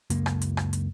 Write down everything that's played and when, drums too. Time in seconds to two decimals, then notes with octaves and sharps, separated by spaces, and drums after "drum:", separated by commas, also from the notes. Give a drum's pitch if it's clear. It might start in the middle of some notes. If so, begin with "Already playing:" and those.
0.10 C#2 F#2 C#3 A#3, drum: hi-hat
0.26 drum: rim click
0.42 drum: hi-hat
0.57 drum: rim click
0.73 drum: hi-hat